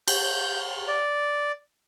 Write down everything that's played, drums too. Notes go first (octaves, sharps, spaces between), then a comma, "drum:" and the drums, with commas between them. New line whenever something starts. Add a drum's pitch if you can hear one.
G6, drum: cymbal
D5